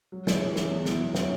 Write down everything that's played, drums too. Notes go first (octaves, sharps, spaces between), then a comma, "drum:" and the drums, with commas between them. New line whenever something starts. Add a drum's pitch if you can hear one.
F#3
E4 G#4 C#5, drum: snare
E3
C#4 G#4, drum: snare
E2
B2 B3 E4, drum: snare
F#2
E3 C#4 F#4, drum: snare